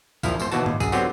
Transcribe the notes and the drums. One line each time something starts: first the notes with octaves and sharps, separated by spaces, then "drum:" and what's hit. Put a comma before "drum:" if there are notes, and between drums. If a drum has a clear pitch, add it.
A#1 F3 E4 F5, drum: kick, tambourine
G#1 E2 C5, drum: tambourine
D#2 B2 E3 F#4 A5, drum: tambourine
D#2, drum: tom G#2
F#2 G#4, drum: kick, tambourine
D3 F#3 B3 C4 G4, drum: tambourine